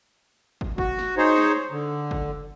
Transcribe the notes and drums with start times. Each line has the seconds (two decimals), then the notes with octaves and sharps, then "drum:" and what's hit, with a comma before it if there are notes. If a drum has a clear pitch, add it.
0.61 drum: kick
0.78 F#4, drum: kick
0.99 drum: snare
1.17 D#4 G#4 C5 C#5
1.36 drum: snare
1.71 D3
2.11 drum: kick